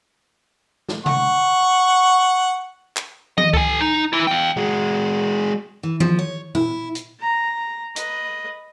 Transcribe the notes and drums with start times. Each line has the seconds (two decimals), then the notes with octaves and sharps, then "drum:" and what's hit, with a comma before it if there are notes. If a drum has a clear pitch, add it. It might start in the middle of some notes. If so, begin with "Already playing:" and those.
0.89 drum: snare
1.06 F#5 C#6, drum: tom C3
2.97 drum: clap
3.38 D#5, drum: tom D#3
3.54 A4 G#5, drum: kick C#2
3.81 D#4
4.13 E3 E4
4.27 F5 G5
4.57 G#3 F#4
5.83 E3
6.00 F3, drum: tom D#3
6.19 C#5
6.55 E4, drum: tom A#2
6.95 drum: hi-hat
7.20 A#5
7.96 B4 D#5, drum: hi-hat